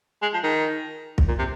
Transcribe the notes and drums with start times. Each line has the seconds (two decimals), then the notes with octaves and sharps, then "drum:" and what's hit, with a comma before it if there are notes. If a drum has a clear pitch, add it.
0.22 G#3
0.34 F3
0.44 D#3
1.18 drum: kick
1.28 A#2
1.39 C3